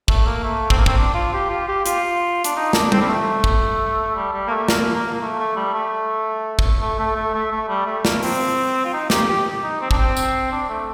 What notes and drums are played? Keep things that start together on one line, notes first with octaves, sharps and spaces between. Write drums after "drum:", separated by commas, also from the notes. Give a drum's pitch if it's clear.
A3, drum: kick
A#3
A3
C4, drum: kick
A#3
C4, drum: kick
D4
F4
G4
F4
G4
F4, drum: hi-hat
D4, drum: hi-hat
D#4
D4, drum: snare
C4, drum: tom G3
G3
A3
drum: kick
G3
G3
A#3
A3
A#3, drum: snare
A#3
A#3
A3
A3
G3
A3
drum: kick
A3
A3
A3
A3
A3
G3
A3
A#3, drum: snare
C4, drum: open hi-hat
F4
D#4
G4, drum: snare
G4
D#4
C4
D4, drum: kick
C4
drum: tambourine
D4
A3